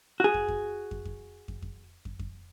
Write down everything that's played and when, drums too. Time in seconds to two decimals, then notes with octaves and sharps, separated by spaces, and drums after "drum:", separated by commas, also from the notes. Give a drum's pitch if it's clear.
0.20 F#4 G#4
0.34 drum: kick
0.48 drum: kick
0.91 drum: kick
1.05 drum: kick
1.48 drum: kick
1.62 drum: kick
2.05 drum: kick
2.19 drum: kick